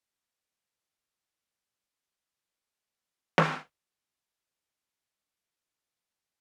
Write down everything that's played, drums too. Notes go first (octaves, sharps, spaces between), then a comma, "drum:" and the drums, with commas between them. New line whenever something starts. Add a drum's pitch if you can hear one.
C3
B2
A3
F4
drum: snare
F3 G3 A#3 E4
B2 G3
C2 F#2 A#2 C#3 E3
D#3
G2 F3 G3
F2 E3 D#5 G#5 A5
C#3 E3 F#3 G#3 C#4
C#4
A2 D3 B3 D4